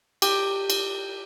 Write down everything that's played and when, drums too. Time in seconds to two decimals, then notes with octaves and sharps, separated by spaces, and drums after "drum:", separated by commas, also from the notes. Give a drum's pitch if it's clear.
0.22 G4, drum: cymbal
0.70 drum: cymbal